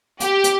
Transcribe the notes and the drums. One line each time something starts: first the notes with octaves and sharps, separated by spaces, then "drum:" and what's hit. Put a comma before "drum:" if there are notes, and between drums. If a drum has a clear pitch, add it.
G4, drum: hi-hat
drum: hi-hat